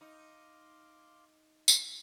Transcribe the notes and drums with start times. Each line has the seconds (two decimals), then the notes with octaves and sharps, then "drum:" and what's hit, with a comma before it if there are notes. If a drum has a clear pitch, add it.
0.01 D#4 F5 C6 D6
1.68 drum: tambourine